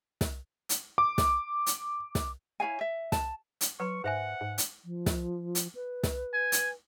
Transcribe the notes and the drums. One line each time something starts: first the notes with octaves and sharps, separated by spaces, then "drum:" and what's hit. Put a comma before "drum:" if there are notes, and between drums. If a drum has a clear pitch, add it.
drum: snare
drum: hi-hat
D6
drum: snare
drum: hi-hat
drum: snare
E4 C#5 F5 G#5
E5
A5, drum: snare
drum: hi-hat
F#3 B4 C6 C#6
G#2 C5 E5 F#5 G#5
G#2
drum: hi-hat
F3
drum: snare
drum: hi-hat
B4
drum: snare
G#5
drum: hi-hat